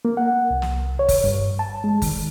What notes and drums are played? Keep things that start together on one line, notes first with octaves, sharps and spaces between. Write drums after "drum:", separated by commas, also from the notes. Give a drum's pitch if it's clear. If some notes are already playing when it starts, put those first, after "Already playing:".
A#3
F#5
C2
drum: snare
C#5
drum: kick G1, open hi-hat
G2
A5
G#3
D#3, drum: kick G1, open hi-hat